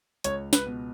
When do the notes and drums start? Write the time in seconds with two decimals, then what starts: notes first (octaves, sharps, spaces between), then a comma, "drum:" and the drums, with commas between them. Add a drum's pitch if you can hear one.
0.24 C#2 C#5, drum: hi-hat
0.53 B4, drum: snare
0.66 B2